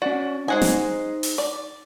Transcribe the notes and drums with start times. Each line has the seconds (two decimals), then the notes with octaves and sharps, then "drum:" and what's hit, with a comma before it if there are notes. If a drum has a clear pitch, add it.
0.02 C#4 F#4 D5
0.48 G#3 D#4 C5 F#5 G#5
0.62 drum: snare
1.23 drum: open hi-hat
1.38 D5